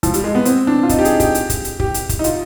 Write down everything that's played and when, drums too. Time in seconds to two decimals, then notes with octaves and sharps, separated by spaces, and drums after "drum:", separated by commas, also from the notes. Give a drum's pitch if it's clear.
0.03 F3, drum: kick, hi-hat
0.14 G3, drum: hi-hat
0.24 G#3
0.35 B3
0.45 C4, drum: hi-hat
0.67 D4
0.83 F4
0.89 D#4, drum: kick, hi-hat
0.99 G4
1.05 G#4, drum: hi-hat
1.20 G4, drum: kick, hi-hat
1.35 drum: hi-hat
1.50 drum: kick, hi-hat
1.64 drum: hi-hat
1.80 G4, drum: kick
1.94 drum: hi-hat
2.09 drum: kick, hi-hat
2.19 D#4
2.24 F4, drum: hi-hat